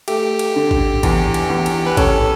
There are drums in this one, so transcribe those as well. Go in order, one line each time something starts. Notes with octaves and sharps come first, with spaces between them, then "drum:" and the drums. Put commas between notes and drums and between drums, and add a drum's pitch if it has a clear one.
A3 G4, drum: cymbal
drum: cymbal
D3
drum: kick A1
E2, drum: kick A1, cymbal
drum: cymbal
E2
drum: cymbal
B4
C#4 A4, drum: kick A1, cymbal